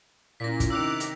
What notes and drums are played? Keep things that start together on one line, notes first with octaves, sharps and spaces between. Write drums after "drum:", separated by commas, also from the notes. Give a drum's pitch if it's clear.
A#2 C#4 E4 A#6 B6
drum: kick, hi-hat
C3 D#3 D6 E6 F#6 F7
drum: hi-hat